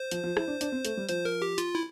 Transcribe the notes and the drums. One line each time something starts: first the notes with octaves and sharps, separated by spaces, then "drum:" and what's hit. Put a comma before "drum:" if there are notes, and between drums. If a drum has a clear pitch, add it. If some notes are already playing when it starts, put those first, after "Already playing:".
Already playing: C5
F3, drum: hi-hat
F3
E4, drum: rim click
D4
D4, drum: hi-hat
C4
A3, drum: hi-hat
G3
F3 C5, drum: hi-hat
A#4
G4
F4, drum: hi-hat
E4